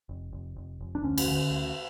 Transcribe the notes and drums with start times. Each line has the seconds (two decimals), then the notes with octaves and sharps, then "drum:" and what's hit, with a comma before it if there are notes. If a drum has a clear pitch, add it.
0.09 F1
0.33 F1
0.57 F1
0.81 F1
0.95 D4
1.04 D2 C#4
1.18 drum: cymbal
1.28 D3
1.51 D2